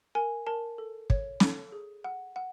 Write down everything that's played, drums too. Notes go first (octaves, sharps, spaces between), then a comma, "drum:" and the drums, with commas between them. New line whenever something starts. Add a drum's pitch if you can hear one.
A#4 G#5
A#4 A5
A4
C#5, drum: kick
A4, drum: snare
G#4
F#5
F#5